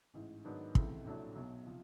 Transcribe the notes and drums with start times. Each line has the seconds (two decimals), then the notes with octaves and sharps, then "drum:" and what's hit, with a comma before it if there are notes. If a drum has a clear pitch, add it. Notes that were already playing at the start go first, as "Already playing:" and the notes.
0.14 A1 G#2 E3
0.44 G#2 D#3 F#3 B3 D4
0.75 C#2 C3 E3 A3, drum: kick
1.05 A#1 A2 F#3 A3 D4
1.36 B1 B2 F#3
1.67 C3 F3